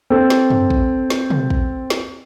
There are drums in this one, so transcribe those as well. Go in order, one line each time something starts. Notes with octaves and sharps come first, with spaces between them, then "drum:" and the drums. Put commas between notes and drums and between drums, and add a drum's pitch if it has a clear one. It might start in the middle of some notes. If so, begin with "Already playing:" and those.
C4 A4
drum: snare
drum: tom F#2
drum: kick
drum: snare
drum: tom
drum: kick
drum: snare